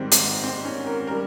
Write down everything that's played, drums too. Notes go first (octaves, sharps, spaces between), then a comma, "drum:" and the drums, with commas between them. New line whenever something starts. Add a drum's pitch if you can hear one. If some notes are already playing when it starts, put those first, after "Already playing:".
Already playing: G#2 D#3 G3 C4
C4, drum: hi-hat
C4
C#4
A#4
G3 A#4